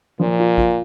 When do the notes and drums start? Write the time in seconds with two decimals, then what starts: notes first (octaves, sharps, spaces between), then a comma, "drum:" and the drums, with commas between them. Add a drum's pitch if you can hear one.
0.19 A#2 F3
0.39 F4
0.58 F4, drum: kick G#1